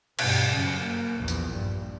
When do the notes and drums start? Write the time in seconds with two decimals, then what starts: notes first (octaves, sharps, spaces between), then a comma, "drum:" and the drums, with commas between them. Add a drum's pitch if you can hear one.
0.19 G2 B2, drum: cymbal
0.50 F#2 C#3
0.82 A#3
1.17 A#1 E2
1.28 drum: tambourine
1.55 G2